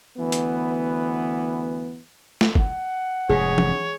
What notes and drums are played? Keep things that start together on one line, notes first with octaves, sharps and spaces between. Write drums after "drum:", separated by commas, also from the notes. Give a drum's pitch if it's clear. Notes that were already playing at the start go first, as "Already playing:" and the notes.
D2 E3 B3
drum: hi-hat
drum: snare
F#5, drum: kick
F1 G#2 G#4 C#5
drum: tom